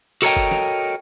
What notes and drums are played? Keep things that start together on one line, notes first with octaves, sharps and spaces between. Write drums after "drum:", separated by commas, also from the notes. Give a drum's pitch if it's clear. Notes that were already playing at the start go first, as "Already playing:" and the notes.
F#4 A4 A#4 C#5 D#5 G5
drum: kick
drum: snare